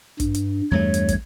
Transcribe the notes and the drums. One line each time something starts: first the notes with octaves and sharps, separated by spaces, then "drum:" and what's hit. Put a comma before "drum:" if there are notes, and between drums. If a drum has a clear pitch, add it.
G2, drum: kick, hi-hat
drum: hi-hat
E2 G2 A3 C#5
drum: hi-hat
drum: kick, hi-hat